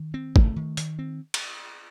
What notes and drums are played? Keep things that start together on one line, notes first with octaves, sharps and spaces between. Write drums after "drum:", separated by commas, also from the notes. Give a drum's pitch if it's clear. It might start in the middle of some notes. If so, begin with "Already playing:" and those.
Already playing: D#3
C4
A3, drum: kick G#1
D#3
D#3, drum: hi-hat
C4
drum: cymbal